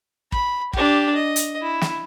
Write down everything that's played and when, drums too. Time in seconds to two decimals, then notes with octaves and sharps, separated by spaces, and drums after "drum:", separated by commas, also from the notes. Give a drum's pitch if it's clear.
0.32 B5, drum: kick
0.73 D4 G4, drum: kick
1.15 D#5
1.36 drum: hi-hat
1.61 E4
1.81 drum: snare